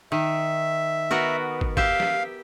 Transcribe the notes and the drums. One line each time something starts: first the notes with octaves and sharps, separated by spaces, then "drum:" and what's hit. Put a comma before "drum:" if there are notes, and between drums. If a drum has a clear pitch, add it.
D#3 E5
B3 F#4 A#4
drum: kick
G4 E5 F5, drum: kick
drum: snare